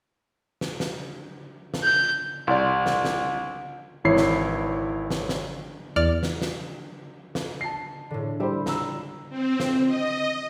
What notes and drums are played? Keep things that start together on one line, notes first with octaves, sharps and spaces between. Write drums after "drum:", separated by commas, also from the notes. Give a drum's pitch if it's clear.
drum: snare
drum: snare
drum: snare
G6
C2 D5
drum: snare
drum: snare
G#1 E3 E4 C#5 C7
drum: snare
drum: snare
drum: snare
E2 D5 F6
drum: snare
drum: snare
drum: snare
A5 C7
A2 D3
G3 E4 G4 C5
A#5 E6, drum: snare
C4
drum: snare
D#5